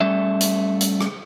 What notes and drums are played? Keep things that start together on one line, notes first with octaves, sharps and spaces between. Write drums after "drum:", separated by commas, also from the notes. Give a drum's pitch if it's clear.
G3 A3 C#4 E5
drum: hi-hat
drum: hi-hat
drum: rim click